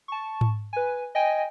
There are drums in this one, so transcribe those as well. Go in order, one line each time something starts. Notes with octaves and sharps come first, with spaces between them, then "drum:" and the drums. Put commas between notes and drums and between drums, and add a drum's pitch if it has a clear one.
A5 C#6
drum: tom G#2
B4 G#5
D#5 G5 G#5